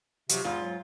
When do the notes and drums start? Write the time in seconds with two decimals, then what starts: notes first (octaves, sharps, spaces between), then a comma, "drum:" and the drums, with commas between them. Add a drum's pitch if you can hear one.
0.29 C3 F3 F#3, drum: hi-hat
0.44 E2 G#2 F4
0.62 F#3